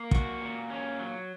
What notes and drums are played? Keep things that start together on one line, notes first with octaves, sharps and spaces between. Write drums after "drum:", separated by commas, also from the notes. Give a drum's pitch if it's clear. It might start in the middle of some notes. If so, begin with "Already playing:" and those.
Already playing: A#3
F#4, drum: kick
A#2
C#4
F#3